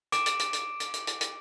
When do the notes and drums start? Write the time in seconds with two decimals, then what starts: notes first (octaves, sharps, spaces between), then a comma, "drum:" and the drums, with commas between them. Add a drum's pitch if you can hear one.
0.12 D6 D7 E7, drum: hi-hat
0.26 drum: hi-hat
0.39 drum: hi-hat
0.53 drum: hi-hat
0.80 drum: hi-hat
0.94 drum: hi-hat
1.07 drum: hi-hat
1.21 drum: hi-hat